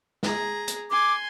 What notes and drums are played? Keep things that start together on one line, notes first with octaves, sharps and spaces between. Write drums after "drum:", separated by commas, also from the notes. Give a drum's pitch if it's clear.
G#4 A#5, drum: snare
drum: hi-hat
G#5 C6 D6